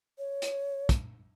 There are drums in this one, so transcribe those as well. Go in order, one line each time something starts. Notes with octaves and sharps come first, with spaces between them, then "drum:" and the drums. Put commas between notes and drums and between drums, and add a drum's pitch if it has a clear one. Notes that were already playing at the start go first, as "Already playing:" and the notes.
C#5
drum: hi-hat
drum: kick, hi-hat